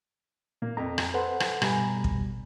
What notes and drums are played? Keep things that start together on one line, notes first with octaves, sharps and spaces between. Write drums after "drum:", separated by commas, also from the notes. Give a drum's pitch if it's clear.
A#2 A#3
F2 A#5
drum: rim click
A4 B4 C5 F#5
drum: rim click
G2 B2 G3 G#5 A#5 B5, drum: rim click
drum: kick